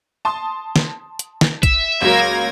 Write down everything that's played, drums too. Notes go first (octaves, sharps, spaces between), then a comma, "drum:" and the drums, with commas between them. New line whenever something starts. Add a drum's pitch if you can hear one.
A5 C6 D#6
drum: snare
drum: hi-hat
drum: snare
E5, drum: kick, hi-hat
C#2 F#3 A#3 G#6 A#6